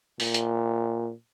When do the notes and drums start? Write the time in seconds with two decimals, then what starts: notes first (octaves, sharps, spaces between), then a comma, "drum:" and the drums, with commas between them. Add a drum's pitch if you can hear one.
0.20 A#2, drum: open hi-hat
0.34 drum: hi-hat